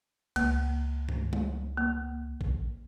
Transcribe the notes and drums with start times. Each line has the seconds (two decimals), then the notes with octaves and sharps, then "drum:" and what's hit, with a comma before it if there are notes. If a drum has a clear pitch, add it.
0.36 C#2 A#3, drum: cymbal
1.09 drum: tom G2
1.33 drum: tom G3
1.77 A#3
2.41 drum: kick